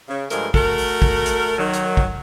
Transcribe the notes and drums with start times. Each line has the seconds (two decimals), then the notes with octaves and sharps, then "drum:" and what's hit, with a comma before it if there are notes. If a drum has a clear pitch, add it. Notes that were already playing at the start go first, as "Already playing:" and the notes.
0.08 C#3
0.30 G2 F3 G#3 A3 A#4, drum: hi-hat
0.54 A3 F#4 A#4, drum: kick
0.78 drum: open hi-hat
1.02 drum: kick
1.26 drum: hi-hat
1.58 D#3 F#3
1.73 drum: hi-hat
1.97 drum: kick